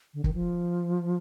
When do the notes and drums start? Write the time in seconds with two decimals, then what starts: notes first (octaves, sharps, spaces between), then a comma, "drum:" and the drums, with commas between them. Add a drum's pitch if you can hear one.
0.14 D3
0.24 D#3, drum: kick
0.34 F3